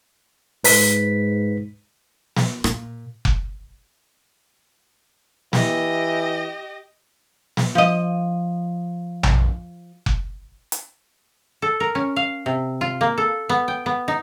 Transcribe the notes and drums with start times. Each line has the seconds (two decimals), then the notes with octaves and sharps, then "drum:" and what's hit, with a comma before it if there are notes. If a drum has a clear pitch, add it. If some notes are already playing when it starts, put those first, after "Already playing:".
0.64 G#2 B4 B6, drum: open hi-hat
2.37 drum: snare
2.64 A#2, drum: rim click
3.25 drum: kick F1
5.53 E3 G4 D#5, drum: snare
7.57 drum: snare
7.75 F3 D#5
9.23 drum: tom A#1
10.06 drum: kick F1
10.72 drum: hi-hat
11.62 A4
11.80 A#4
11.95 C#4
12.16 F5
12.46 C3
12.81 F4
13.01 A#3
13.18 A4
13.49 B3
13.68 G5
13.86 B3
14.08 D#4